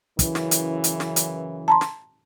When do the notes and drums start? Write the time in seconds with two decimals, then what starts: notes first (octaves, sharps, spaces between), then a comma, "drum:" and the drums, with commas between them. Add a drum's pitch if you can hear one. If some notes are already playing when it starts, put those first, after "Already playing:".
0.19 F#2 C#3 E3, drum: kick, hi-hat
0.35 drum: snare
0.51 drum: hi-hat
0.84 drum: hi-hat
1.00 drum: snare
1.16 drum: hi-hat
1.68 A5 A#5 C6
1.81 drum: snare